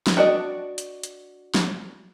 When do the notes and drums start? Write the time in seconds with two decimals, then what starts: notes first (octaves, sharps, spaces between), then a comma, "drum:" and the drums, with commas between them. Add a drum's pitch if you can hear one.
0.07 drum: snare
0.17 D4 F#4 D5 D#5
0.78 drum: hi-hat
1.03 drum: hi-hat
1.55 drum: snare